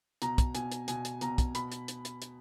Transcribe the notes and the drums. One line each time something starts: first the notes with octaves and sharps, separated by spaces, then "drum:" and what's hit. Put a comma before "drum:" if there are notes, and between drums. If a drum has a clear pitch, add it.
B2 A#5, drum: hi-hat
drum: kick, hi-hat
B2 G#5, drum: hi-hat
drum: hi-hat
B2 G#5, drum: hi-hat
drum: hi-hat
B2 A#5, drum: hi-hat
drum: kick, hi-hat
B2 B5, drum: hi-hat
drum: hi-hat
drum: hi-hat
drum: hi-hat
drum: hi-hat